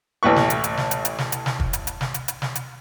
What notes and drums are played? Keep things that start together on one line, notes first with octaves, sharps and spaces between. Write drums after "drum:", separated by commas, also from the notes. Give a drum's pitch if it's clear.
A1 D2 A2 B4 C#6
drum: snare
drum: hi-hat
drum: hi-hat
drum: snare
drum: hi-hat
drum: hi-hat
drum: snare
drum: hi-hat
drum: snare
drum: kick
drum: hi-hat
drum: hi-hat
drum: snare
drum: hi-hat
drum: hi-hat
drum: snare
drum: hi-hat